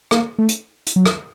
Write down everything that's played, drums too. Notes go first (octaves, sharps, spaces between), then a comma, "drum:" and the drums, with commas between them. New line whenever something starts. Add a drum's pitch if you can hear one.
A#3, drum: rim click
A3
drum: hi-hat
drum: hi-hat
F#3
drum: rim click